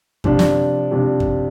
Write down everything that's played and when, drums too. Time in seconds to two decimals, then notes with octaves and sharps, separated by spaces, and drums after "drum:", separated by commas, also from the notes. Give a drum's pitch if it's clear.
0.24 C3 F3 D4, drum: kick F#2
0.39 drum: snare
0.91 C3 F3 D4
1.20 drum: kick F#2